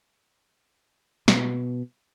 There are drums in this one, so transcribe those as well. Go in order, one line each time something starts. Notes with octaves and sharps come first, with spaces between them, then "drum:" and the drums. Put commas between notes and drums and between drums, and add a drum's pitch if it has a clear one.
B2 B3, drum: snare